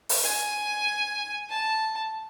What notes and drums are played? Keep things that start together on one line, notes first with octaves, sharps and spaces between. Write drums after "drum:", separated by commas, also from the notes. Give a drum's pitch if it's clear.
drum: open hi-hat
G#5
A5